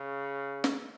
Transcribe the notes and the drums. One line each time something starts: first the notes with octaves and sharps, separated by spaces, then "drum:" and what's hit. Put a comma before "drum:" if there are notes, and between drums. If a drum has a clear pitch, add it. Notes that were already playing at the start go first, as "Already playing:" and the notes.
Already playing: C#3
drum: snare